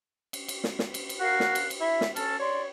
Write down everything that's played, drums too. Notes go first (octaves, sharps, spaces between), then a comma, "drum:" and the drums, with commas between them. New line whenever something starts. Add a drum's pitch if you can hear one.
drum: cymbal
drum: cymbal
drum: snare
drum: snare
drum: cymbal
drum: cymbal
F#4 A#4 F5 F#6
drum: snare
drum: cymbal
drum: cymbal
E4 E5
drum: snare
C#4 A4 A5 F6, drum: cymbal
C#5 D5 C6